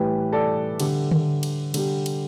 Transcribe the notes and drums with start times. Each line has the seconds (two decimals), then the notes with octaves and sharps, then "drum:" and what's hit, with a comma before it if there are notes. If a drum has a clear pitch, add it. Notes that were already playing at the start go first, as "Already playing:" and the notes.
Already playing: A2 E3 G3 G4 B4
0.32 A4 D5
0.80 D3 G3, drum: cymbal
1.11 drum: tom D3
1.43 drum: cymbal
1.74 D3 G3, drum: cymbal
2.06 drum: cymbal